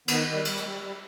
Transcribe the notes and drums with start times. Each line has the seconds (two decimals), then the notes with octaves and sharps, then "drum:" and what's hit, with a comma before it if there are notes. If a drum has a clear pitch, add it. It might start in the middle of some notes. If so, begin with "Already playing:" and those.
0.08 D#3 B3, drum: cymbal
0.27 D#3
0.33 G3
0.45 G3, drum: cymbal
0.57 G#3, drum: hi-hat
0.63 G3
0.82 G3